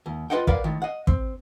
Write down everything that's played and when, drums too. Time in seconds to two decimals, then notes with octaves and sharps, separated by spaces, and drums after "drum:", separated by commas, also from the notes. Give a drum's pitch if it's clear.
0.06 D#2
0.30 F4 F#4 B4 D#5 F#5 G5
0.47 A#4 B4 D5 F5 F#5, drum: kick
0.64 A2 D#3
0.82 D#5 F#5
1.07 C4, drum: kick